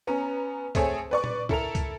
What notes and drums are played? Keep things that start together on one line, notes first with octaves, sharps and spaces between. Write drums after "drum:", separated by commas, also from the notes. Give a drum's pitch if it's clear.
B3 C#4 A#5
A3 C4 G#4 A4 C#5, drum: kick, hi-hat
B4 D5 C#6
drum: tom A#2
E4 A4 A#4 F7, drum: kick
drum: kick, hi-hat